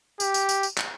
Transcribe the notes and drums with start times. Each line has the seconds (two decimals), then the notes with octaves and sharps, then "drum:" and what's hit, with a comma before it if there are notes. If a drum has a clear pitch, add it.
0.20 G4, drum: tambourine
0.34 drum: tambourine
0.49 drum: tambourine
0.63 drum: tambourine
0.78 drum: clap